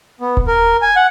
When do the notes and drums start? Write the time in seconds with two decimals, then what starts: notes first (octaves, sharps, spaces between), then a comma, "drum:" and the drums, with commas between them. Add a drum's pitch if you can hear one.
0.20 B3
0.37 drum: kick D#1
0.47 A#4
0.82 G#5
0.96 F#5